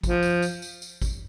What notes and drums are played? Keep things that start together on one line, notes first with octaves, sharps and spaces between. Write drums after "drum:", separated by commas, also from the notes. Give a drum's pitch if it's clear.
F3, drum: kick G#1, tambourine
drum: tambourine
drum: tambourine
drum: tambourine
drum: tambourine
drum: kick G#1, tambourine